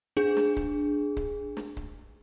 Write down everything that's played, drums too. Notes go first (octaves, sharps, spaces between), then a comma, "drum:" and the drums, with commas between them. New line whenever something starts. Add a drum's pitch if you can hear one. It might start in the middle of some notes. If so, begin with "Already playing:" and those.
D4 G#4
drum: snare
drum: kick C#1
drum: kick C#1
drum: snare
drum: kick C#1